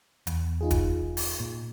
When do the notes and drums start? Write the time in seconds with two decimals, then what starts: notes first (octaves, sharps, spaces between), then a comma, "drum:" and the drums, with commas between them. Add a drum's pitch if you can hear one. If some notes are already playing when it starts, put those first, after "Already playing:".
0.27 E2, drum: hi-hat
0.61 D#4 F4 G#4
0.71 drum: kick, hi-hat
1.17 drum: open hi-hat
1.40 A#2